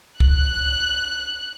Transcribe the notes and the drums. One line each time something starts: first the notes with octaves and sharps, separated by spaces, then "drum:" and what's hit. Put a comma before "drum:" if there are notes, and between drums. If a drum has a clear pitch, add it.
F#6, drum: kick C#2